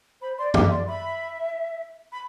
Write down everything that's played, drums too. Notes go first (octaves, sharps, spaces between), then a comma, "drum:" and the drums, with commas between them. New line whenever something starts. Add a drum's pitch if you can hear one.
C5 B5
D5 C6
E5 D6, drum: tom
D5 C6
E5 B5
B5